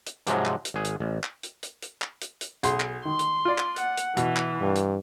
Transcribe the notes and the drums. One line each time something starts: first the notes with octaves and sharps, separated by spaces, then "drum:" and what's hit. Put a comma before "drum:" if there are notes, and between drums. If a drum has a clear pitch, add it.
drum: hi-hat
G#2 C3 F3 F#3 G#3, drum: hi-hat
drum: clap
drum: hi-hat
G#1 G#4
drum: hi-hat
A1
drum: clap
drum: hi-hat
drum: hi-hat
drum: hi-hat
drum: clap
drum: hi-hat
drum: hi-hat
B1 G#4 C6, drum: hi-hat
drum: clap
D#3 C6
drum: hi-hat
F4 D5
drum: clap
F#5, drum: hi-hat
drum: hi-hat
B2 E3, drum: hi-hat
drum: clap
G2
drum: hi-hat